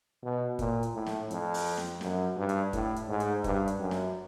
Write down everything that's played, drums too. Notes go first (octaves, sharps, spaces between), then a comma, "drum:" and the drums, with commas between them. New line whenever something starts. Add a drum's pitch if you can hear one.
B2
A#2, drum: kick, hi-hat
drum: hi-hat
A2
drum: snare
F2, drum: hi-hat
drum: open hi-hat
drum: snare
F#2, drum: snare
G2
drum: hi-hat
A2, drum: kick, hi-hat
drum: hi-hat
G#2
drum: hi-hat
G2, drum: kick, hi-hat
drum: hi-hat
F#2
drum: snare